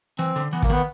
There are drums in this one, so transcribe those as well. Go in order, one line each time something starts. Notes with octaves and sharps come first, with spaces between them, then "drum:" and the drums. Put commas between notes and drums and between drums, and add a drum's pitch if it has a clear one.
E3 C4, drum: hi-hat
D3
E3 B3
A#3, drum: kick, hi-hat
D#3 B3